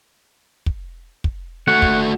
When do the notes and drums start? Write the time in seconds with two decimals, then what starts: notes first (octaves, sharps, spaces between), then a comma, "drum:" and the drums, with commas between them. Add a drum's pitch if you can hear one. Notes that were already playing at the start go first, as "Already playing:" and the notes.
0.66 drum: kick
1.24 drum: kick
1.68 A3 F#4 F#5
1.82 drum: kick